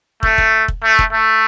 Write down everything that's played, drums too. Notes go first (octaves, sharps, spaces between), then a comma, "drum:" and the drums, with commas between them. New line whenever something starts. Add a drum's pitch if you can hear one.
A3, drum: kick
drum: kick
drum: kick
A3
drum: kick
A3